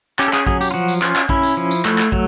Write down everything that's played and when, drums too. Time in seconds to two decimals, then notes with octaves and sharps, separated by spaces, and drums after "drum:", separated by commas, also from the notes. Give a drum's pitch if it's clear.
0.19 C#4 G4, drum: clap
0.28 A4
0.33 G#4, drum: clap
0.47 F#3 G#4, drum: kick
0.61 G4, drum: tambourine
0.71 F4
0.74 F3 F#4
0.88 drum: tambourine
1.02 C#4 F4, drum: clap
1.16 drum: clap
1.29 C#4 E4, drum: kick
1.43 drum: tambourine
1.57 F3
1.71 drum: tambourine
1.85 A3, drum: clap
1.98 drum: clap
2.12 F#3, drum: kick